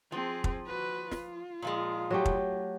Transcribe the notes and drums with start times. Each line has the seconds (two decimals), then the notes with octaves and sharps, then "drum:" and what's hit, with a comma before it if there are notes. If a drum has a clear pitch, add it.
0.12 F3 C4 G#4
0.44 drum: kick
0.67 F#4 B4
1.11 F4, drum: snare
1.62 A#2 F3 G#3
2.10 F#3 A3 G4
2.25 drum: kick